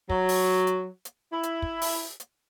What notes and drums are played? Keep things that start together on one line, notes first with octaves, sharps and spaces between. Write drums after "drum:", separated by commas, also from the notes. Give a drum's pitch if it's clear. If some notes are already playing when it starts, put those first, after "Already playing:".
F#3, drum: kick
drum: open hi-hat
drum: hi-hat
drum: hi-hat
E4
drum: hi-hat
drum: kick
drum: open hi-hat
drum: hi-hat